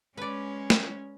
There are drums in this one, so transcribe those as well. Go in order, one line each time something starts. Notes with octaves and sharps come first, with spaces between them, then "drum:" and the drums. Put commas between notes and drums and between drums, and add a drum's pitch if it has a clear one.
G#3 C#4 B4 D5
drum: snare